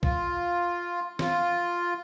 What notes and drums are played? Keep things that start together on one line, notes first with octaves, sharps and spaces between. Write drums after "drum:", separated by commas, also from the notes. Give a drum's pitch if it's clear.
F4, drum: kick B1
F4, drum: snare